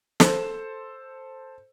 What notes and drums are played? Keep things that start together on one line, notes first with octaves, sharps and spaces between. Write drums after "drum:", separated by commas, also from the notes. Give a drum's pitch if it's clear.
A4 C5, drum: snare